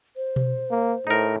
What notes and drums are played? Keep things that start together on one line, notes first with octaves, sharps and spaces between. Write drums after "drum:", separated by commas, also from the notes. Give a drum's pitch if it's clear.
C5
drum: tom B2
A#3
A2 D#4 A#4